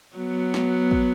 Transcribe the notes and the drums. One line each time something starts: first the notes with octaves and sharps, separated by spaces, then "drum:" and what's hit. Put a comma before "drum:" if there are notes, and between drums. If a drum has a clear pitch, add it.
F#3 B3
drum: snare
drum: kick